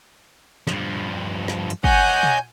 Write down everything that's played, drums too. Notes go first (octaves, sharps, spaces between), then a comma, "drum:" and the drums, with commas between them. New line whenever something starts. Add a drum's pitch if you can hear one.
G2 F3, drum: snare
drum: snare
drum: hi-hat
C#5 D#5 F#5 G#5 G6, drum: kick
drum: tom